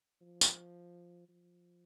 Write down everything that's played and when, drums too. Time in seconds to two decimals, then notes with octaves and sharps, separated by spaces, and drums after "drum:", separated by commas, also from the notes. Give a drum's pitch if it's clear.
0.22 F3
0.41 drum: tambourine
1.29 F3